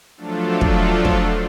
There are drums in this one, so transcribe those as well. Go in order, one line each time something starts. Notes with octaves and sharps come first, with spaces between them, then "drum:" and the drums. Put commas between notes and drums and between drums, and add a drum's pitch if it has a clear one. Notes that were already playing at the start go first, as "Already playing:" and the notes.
F3 F#3 A3 D4 F4 A4
drum: kick
drum: kick